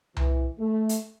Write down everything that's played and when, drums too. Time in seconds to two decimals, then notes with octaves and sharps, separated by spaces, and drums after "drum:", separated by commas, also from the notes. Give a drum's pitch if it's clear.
0.17 E3, drum: tom C2
0.60 A3
0.89 drum: hi-hat